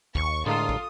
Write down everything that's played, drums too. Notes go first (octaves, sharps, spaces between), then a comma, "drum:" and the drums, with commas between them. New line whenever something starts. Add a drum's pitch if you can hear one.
D#2 C#6, drum: kick
A2 D3 G#3 F4 A4 A#4 D#6
drum: kick